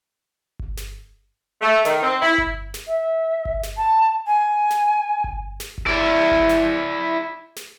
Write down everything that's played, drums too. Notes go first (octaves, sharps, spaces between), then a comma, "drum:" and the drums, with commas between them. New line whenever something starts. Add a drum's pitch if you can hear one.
drum: kick G1
drum: snare
A3
D#3, drum: snare
C4
E4
drum: kick G1
drum: snare
E5
drum: kick G1
drum: snare
A5
G#5
drum: snare
drum: kick G1
drum: snare
drum: kick G1
E4 D5
drum: kick G1
drum: snare
drum: snare